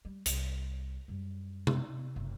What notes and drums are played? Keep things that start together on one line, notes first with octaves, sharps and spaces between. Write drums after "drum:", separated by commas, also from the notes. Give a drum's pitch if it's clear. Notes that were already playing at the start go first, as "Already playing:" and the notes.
G3
C2, drum: hi-hat
F#2 G3
drum: tom C3
F#1